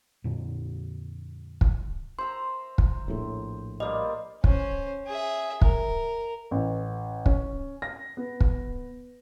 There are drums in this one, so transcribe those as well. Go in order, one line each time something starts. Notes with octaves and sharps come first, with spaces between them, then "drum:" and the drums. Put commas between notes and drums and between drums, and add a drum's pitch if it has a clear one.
F2 A#2 D3
drum: kick
C5 E5 A#5 C6
drum: kick
A#1 A2
G3 A#3 C5 D#5
C#4 C5, drum: kick
G#4 E5
A#4, drum: kick
A1
C#4, drum: kick
A#6
B3
drum: kick